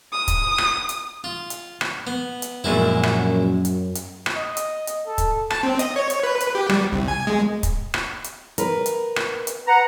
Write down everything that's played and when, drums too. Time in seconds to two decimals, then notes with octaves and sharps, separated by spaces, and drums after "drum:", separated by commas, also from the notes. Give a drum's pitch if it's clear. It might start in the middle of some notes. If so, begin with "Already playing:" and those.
0.12 D#6
0.28 drum: kick, hi-hat
0.58 drum: rim click
0.89 drum: hi-hat
1.24 F4
1.50 drum: hi-hat
1.81 drum: rim click
2.07 B3
2.42 drum: hi-hat
2.64 A#1 F#2 G#3 E4
3.03 drum: rim click
3.65 drum: hi-hat
3.95 drum: hi-hat
4.26 drum: rim click
4.36 D#5
4.57 drum: hi-hat
4.87 drum: hi-hat
5.07 A4
5.18 drum: kick, hi-hat
5.50 A5, drum: rim click
5.63 C4
5.79 D#5, drum: hi-hat
5.96 C#5
6.10 drum: hi-hat
6.24 B4
6.40 drum: hi-hat
6.55 G4
6.69 G3, drum: rim click
6.92 C2
7.08 G#5
7.27 G#3
7.63 drum: kick, hi-hat
7.94 drum: rim click
8.24 drum: hi-hat
8.58 A#4 B4, drum: hi-hat
8.86 drum: hi-hat
9.16 drum: rim click
9.47 drum: hi-hat
9.67 B4 F#5 A#5